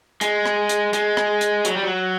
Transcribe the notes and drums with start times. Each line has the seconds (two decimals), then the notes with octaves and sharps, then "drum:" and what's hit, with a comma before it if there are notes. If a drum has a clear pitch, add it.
0.21 G#3, drum: hi-hat
0.46 drum: rim click
0.69 drum: hi-hat
0.93 G#3, drum: hi-hat
1.17 drum: rim click
1.41 drum: hi-hat
1.65 F#3, drum: hi-hat
1.75 G3
1.83 F#3